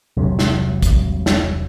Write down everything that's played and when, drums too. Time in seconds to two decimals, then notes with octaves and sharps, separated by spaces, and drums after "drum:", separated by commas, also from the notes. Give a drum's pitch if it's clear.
0.17 E1 C2 C3 F#3
0.39 drum: snare
0.82 drum: kick, hi-hat
1.26 drum: snare